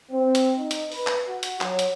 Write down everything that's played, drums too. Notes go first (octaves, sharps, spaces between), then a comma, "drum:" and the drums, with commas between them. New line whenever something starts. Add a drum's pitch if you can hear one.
C4
drum: hi-hat
D#4
drum: hi-hat
B4, drum: open hi-hat
drum: clap
F#4
drum: hi-hat
F#3, drum: clap
drum: hi-hat